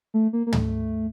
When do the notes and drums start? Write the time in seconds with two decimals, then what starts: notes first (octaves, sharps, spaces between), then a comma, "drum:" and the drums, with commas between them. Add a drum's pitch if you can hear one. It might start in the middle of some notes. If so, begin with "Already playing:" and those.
0.14 A3
0.33 A#3
0.47 A#3
0.53 A3, drum: tom